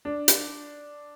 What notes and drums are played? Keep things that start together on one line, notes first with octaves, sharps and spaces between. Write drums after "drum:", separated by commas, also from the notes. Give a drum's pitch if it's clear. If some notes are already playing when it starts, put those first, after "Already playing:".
D4
drum: hi-hat